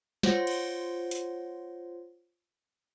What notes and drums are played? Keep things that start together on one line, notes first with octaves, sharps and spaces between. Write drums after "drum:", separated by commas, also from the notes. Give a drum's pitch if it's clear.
F4 C5 C#5 F#5 A#6, drum: snare
drum: cymbal
drum: hi-hat